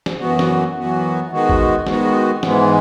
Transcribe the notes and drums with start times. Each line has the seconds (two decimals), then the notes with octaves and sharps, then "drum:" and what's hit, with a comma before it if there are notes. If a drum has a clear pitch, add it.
0.06 drum: snare
0.19 F#2 E3 B3 F#4
0.39 drum: snare
0.75 F#2 E3 B3 F#4
1.31 D#3 G#3 B3 F#4
1.49 drum: kick G1
1.87 D#3 G#3 B3 F#4, drum: snare
2.43 G#2 E3 G#3 B3, drum: snare